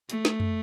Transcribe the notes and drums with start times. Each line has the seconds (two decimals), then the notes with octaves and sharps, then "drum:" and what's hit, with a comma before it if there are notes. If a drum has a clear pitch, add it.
0.10 A3, drum: hi-hat
0.25 drum: snare
0.40 drum: tom